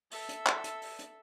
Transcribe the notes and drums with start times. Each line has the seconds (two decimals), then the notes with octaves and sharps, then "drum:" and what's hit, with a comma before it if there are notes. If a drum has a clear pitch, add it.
0.11 A4 E5, drum: open hi-hat
0.29 drum: hi-hat
0.46 drum: clap
0.64 drum: hi-hat
0.81 drum: open hi-hat
0.99 drum: hi-hat